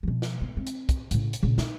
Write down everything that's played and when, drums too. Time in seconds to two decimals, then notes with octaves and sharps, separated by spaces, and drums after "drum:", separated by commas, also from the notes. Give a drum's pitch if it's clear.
0.03 B2 F3
0.22 drum: snare
0.41 B3
0.57 C4
0.67 drum: hi-hat
0.89 drum: kick, hi-hat
1.11 A2 C#3, drum: hi-hat
1.33 drum: hi-hat
1.43 A#2 C#3
1.58 D#4, drum: snare